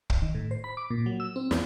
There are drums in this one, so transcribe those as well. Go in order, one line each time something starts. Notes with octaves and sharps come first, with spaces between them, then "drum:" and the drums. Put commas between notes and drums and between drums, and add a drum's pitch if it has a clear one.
drum: kick
D#3
A2
C5
B5
D6
A#2
F#3
E6
C4
E2, drum: snare